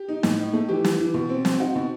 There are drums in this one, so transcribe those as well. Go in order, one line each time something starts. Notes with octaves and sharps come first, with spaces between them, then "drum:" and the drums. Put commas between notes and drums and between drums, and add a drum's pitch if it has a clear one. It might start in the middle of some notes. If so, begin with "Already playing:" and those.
Already playing: G4
D#4
A2, drum: snare
D#4
A3
E3 G4
E3, drum: snare
E3
B2
C4
C4, drum: snare
D#4 F#4
B2